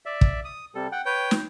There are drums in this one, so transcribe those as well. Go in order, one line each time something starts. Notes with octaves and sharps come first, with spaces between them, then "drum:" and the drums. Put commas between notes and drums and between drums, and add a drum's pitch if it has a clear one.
D5 E5
drum: kick
D#6
C3 G3 A4
F#5 G5
B4 C#5 G5
drum: snare